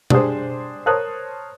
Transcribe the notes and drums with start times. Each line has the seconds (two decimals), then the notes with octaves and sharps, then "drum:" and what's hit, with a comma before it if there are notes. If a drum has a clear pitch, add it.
0.10 D4 G4 G#4 C5, drum: tom B2
0.86 A#4 C5 C#5 A5 D#6 F#6